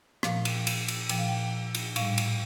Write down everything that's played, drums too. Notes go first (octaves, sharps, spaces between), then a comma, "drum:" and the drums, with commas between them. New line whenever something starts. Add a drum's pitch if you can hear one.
A#2 F3 F5, drum: rim click
drum: cymbal
drum: cymbal
drum: cymbal
A#2 F3 G5, drum: cymbal
F5
G5
drum: cymbal
A2 G3 F5, drum: cymbal
drum: cymbal